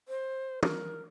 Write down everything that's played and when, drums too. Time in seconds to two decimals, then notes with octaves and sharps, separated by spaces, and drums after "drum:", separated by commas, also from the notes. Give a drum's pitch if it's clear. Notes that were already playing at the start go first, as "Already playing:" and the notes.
0.08 C5
0.63 A#4, drum: tom